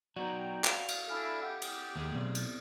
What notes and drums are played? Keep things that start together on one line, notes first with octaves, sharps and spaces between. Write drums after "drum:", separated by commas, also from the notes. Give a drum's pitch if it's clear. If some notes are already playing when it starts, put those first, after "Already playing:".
F#3 B3 D#4 F#4 D5 G5 A#5 G6
F5, drum: clap
drum: cymbal
D4 E4 A4 G#5 F6
G4 F#5
drum: cymbal
D#2 A3 G#4
B1 B3 C4 D5
drum: cymbal